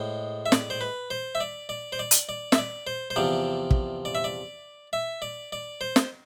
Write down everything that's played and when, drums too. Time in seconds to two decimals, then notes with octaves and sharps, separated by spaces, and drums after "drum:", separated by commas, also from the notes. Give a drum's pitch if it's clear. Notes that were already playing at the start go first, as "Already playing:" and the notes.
Already playing: A2 G#3 C5
0.46 E5
0.52 D5, drum: snare
0.70 C5
0.81 B4
1.10 C5
1.35 E5
1.40 D5
1.69 D5
1.92 C5
1.99 D5
2.11 drum: hi-hat
2.29 D5
2.52 E5, drum: snare
2.58 D5
2.87 C5
3.10 C5
3.16 E2 C3 F3 D5
3.71 drum: kick
4.05 D5
4.15 E5
4.24 D5
4.93 E5
5.22 D5
5.52 D5
5.81 C5
5.96 drum: snare